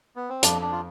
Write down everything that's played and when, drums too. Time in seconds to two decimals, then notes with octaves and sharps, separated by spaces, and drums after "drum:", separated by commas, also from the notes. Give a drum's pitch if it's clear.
0.16 B3
0.29 C4
0.43 F2 D4, drum: hi-hat
0.61 D4
0.72 F4